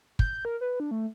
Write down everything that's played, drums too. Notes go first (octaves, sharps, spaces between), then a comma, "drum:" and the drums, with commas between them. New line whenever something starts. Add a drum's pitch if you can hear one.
G6, drum: kick
A#4
B4
D4
A3